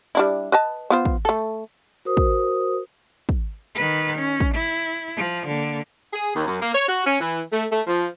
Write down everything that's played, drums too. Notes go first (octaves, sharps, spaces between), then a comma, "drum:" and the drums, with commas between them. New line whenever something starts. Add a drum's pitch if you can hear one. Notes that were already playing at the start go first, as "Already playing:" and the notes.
G3 D4 E4
B4 D#5 A5
B3 F4 C5
drum: kick
A3 A4
F#4 A#4 C5 D#6
drum: kick
drum: kick
D#3 B4
C#4
drum: kick
E4
F3
D3 A#3
G#4
D#2
F#2
A#3
C#5
F#4
C#4
E3
A3
A3
F3